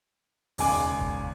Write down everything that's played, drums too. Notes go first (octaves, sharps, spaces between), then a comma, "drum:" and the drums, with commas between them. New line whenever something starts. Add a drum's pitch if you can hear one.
E1 D#2 C#3 G#3 G#5 D6, drum: open hi-hat
drum: kick